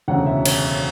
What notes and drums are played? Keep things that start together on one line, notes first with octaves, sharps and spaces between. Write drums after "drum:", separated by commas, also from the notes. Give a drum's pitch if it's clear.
E1 D2 C#3 F#5
E5
C#5, drum: cymbal